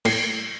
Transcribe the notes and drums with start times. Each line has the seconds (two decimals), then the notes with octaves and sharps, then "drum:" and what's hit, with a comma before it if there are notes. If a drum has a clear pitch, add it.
0.05 A2, drum: cymbal